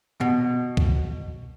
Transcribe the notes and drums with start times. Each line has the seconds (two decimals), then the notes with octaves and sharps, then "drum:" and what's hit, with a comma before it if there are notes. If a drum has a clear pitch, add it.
0.21 B2
0.77 drum: kick C#2